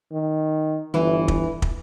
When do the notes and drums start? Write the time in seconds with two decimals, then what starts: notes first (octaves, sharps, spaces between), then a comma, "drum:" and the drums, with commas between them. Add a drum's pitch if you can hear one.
0.12 D#3
0.94 G1 E3 E4
1.28 drum: kick
1.62 drum: kick